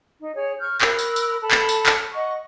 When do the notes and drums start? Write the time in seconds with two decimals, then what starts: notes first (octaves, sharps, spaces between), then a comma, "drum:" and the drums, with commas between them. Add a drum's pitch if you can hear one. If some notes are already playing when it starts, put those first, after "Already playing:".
0.19 D#4
0.34 G#4 C#5
0.59 C#6 F6 G6
0.81 A#4 B5 E6 F#6, drum: clap
0.99 drum: tambourine
1.16 drum: tambourine
1.40 A4 B5
1.51 drum: clap
1.69 drum: tambourine
1.86 drum: clap
2.13 D#5 F#5 C#6